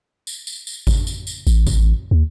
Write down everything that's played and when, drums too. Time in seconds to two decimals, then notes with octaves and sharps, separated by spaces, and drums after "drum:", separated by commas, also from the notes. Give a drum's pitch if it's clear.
0.27 drum: tambourine
0.47 drum: tambourine
0.67 drum: tambourine
0.87 drum: kick G#1, tambourine
1.07 drum: tambourine
1.27 drum: tambourine
1.47 A1, drum: tambourine
1.67 drum: kick G#1, tambourine
2.11 D#2